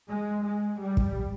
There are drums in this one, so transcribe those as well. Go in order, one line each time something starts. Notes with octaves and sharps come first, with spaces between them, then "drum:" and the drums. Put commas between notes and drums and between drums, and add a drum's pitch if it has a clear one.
G#3
G#3
G3
drum: kick